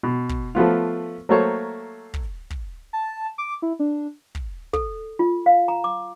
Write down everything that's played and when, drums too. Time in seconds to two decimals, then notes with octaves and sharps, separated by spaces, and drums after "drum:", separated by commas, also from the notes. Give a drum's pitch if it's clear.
0.03 B2
0.29 drum: kick
0.55 F3 A3 B3 F4
1.29 F#3 A3 A#3 A4 C5 C#5
2.14 drum: kick
2.50 drum: kick
2.93 A5
3.38 D6
3.62 E4
3.79 D4
4.35 drum: kick
4.73 A4, drum: kick
5.19 F4
5.46 F5
5.68 A#5
5.84 D6